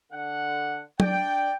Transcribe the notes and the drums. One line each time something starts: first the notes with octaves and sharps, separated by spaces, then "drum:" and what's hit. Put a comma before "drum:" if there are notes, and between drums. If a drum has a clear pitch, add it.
D3 F#5
D4 D5 G5, drum: tom F#3